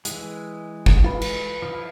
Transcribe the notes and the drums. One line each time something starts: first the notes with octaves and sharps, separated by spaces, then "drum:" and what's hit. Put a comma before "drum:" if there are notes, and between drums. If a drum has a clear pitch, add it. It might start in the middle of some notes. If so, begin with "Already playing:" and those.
E3 G#3, drum: hi-hat
drum: kick
F4 B4
drum: cymbal
F3 E4